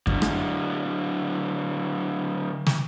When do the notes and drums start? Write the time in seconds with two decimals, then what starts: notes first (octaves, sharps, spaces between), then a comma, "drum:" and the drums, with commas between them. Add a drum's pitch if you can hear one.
0.07 D3 F#3, drum: kick F#2
0.22 drum: rim click
2.67 drum: snare